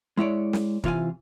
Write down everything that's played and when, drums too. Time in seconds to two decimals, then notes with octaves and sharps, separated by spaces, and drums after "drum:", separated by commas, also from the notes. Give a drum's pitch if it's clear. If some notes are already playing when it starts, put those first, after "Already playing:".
0.17 G#3 E4 C#5 D5
0.53 drum: snare
0.84 C3 E3 F4 E5 F5 G#5, drum: kick